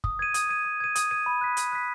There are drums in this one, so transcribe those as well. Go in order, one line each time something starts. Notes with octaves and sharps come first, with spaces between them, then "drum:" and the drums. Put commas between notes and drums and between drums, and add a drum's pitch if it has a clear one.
D#6, drum: kick F#1
G#6 D#7
D#6, drum: hi-hat
G#6 D#7
D#6
G#6 D#7
D#6, drum: hi-hat
G#6 D#7
B5
F#6 B6
B5, drum: hi-hat
F#6 B6